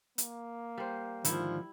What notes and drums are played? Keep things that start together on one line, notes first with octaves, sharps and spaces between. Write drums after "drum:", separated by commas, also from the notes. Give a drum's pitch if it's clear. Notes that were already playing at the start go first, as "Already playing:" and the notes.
A#3, drum: hi-hat
G3 C5
G#2 D3 D#3 F3 E4, drum: hi-hat